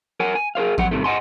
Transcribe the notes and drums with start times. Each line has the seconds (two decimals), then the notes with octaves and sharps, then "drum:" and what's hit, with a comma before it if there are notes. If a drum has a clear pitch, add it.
0.20 A#4 C#5 F#5 G#5
0.35 G#5
0.55 G#4 A#4 C5 F5
0.78 F2 F#3 F#5, drum: kick A1
0.91 C2 F2 C3 D#3 A3
1.04 D#5 F#5 G#5 C6